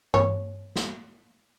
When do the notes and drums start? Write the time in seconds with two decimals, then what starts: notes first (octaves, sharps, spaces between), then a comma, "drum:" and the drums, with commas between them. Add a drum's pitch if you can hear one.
0.14 C#5, drum: tom G2
0.76 drum: snare